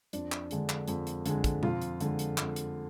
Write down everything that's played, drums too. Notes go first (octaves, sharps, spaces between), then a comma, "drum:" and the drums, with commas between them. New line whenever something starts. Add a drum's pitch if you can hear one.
F2 D4, drum: hi-hat
drum: clap
D3 G#3, drum: hi-hat
drum: clap
F2, drum: hi-hat
drum: hi-hat
D3 G#3, drum: hi-hat
drum: kick, hi-hat
F2 F4, drum: tom B2
drum: hi-hat
D3 G#3, drum: hi-hat
drum: hi-hat
F2, drum: clap
drum: hi-hat